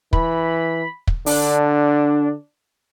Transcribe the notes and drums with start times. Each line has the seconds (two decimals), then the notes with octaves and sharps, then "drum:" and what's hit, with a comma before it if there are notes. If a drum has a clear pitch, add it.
0.13 E3 B5, drum: kick
1.07 drum: kick
1.26 D3 D4, drum: open hi-hat